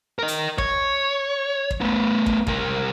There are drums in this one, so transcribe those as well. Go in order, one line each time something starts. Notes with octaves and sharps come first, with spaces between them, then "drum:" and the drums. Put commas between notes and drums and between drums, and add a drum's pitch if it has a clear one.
A#4 D#5
drum: hi-hat
C#5, drum: kick
drum: kick
A3 B3
drum: kick
C2 A#4, drum: kick